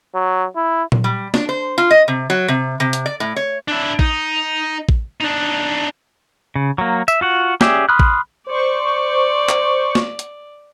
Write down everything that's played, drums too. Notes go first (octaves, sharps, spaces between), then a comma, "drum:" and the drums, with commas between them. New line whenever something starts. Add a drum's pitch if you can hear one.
F#3
E4
drum: tom A#2
G3
D4, drum: snare
C5
F4
D#5
C3
F#3
C3
C3
drum: hi-hat
D5
A2
C#5
D4 E4
D#4, drum: kick A1
drum: kick A1
D4 D#4
C#3
F#3 A#3
E5, drum: tambourine
F4 F#4 F#5
C#4 G4 G#4 D5 E5, drum: snare
B5 C6 D#6 F6 F#6
drum: kick A1
C5 D5 C#6
drum: clap
drum: snare
drum: hi-hat